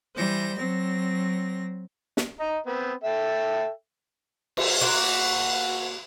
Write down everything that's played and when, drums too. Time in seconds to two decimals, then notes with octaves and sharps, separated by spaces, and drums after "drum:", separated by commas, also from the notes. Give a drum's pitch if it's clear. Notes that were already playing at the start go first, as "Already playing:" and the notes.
0.17 E3 G3 C5 G6 A#6
0.57 F#3 C4 A#6
2.17 drum: snare
2.40 D#5 A#5
2.66 B3 C4
3.04 A4 E5 G5
4.57 drum: cymbal
4.81 A#3 F#4 C6
4.99 F#5